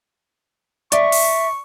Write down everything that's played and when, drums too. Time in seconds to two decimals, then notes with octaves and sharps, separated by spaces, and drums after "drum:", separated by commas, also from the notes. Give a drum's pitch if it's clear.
0.92 D5 E5 C#6, drum: hi-hat
1.12 drum: open hi-hat